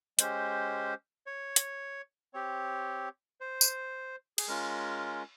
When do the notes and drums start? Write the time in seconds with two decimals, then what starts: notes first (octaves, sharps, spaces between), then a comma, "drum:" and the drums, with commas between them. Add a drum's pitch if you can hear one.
0.19 G#3 C#4 G4 C5, drum: hi-hat
1.26 C#5
1.56 drum: hi-hat
2.34 C4 G4 C#5
3.41 C5
3.61 drum: tambourine
4.38 G#4, drum: cymbal
4.48 G#3 C#4 F4 A#4